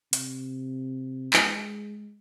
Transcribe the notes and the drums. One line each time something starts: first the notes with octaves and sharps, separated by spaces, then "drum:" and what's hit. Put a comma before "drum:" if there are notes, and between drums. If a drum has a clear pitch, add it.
C3, drum: hi-hat
G#3, drum: clap